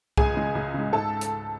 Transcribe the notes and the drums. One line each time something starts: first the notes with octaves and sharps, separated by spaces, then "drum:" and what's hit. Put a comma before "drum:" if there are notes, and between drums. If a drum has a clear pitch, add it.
C#2 G#4 G#5, drum: kick C2
C#3 G#3
C#2
C#3 G#3
G#2 A4 A5
drum: hi-hat